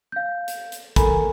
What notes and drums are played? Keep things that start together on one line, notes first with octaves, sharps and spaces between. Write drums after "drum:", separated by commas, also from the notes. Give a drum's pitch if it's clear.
F5 G6
drum: hi-hat
drum: hi-hat
A4 A#4 G#5 A#5 B5, drum: kick, hi-hat